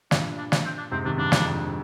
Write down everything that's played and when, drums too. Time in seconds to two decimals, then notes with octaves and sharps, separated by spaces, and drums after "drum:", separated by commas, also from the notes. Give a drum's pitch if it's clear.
0.11 G2 A#2 D4, drum: snare
0.38 D4
0.52 D4, drum: snare
0.65 C4
0.78 D4
0.91 G#2 C3 C4
1.05 C3 D#3 D4
1.18 G2 D4
1.32 F2 G#2, drum: snare